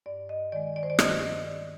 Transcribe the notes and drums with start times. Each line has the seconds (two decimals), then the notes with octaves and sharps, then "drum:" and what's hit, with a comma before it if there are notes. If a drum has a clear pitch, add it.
0.06 G2 D5
0.29 D#5
0.52 D#3 G#3 D5
0.76 D5
0.83 C5
0.90 D5
0.99 G2 D#5, drum: rim click
1.23 D#5
1.45 D#3 G#3 D5